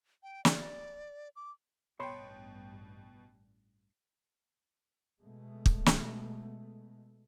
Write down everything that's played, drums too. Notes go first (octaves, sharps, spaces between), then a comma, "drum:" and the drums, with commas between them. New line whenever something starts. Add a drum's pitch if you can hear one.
G5
D5, drum: snare
D6
A1 G2 B2 G3 C#5 G5 B5 C6
B2 G#3 A3
drum: kick
drum: snare